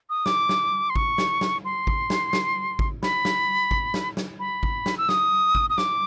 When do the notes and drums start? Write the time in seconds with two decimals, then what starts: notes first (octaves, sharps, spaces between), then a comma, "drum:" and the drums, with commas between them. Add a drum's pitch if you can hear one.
0.10 D#6
0.26 D6, drum: snare
0.49 drum: snare
0.90 C6
0.96 C#6, drum: kick G#1
1.18 drum: snare
1.41 drum: snare
1.65 C6
1.87 drum: kick G#1
2.10 drum: snare
2.33 drum: snare
2.79 drum: kick G#1
3.03 B5, drum: snare
3.25 drum: snare
3.71 drum: kick G#1
3.94 drum: snare
4.17 drum: snare
4.40 B5
4.63 drum: kick G#1
4.86 drum: snare
4.98 E6
5.09 D#6, drum: snare
5.55 drum: kick G#1
5.70 D#6
5.78 D6, drum: snare